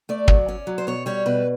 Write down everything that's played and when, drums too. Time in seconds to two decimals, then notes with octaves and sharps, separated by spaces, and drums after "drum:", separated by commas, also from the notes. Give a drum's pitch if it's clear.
0.09 A3 D5
0.28 F#3, drum: kick
0.48 C#4
0.67 F#3
0.78 C5
0.87 B2 C#5
1.06 G3 C#5
1.26 B2 B4